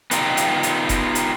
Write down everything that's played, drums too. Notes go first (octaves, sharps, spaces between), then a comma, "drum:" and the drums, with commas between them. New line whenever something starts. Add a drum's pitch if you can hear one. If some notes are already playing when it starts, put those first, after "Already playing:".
B3 D#4 F4 G4, drum: hi-hat
drum: hi-hat
drum: hi-hat
drum: kick F1, hi-hat
drum: hi-hat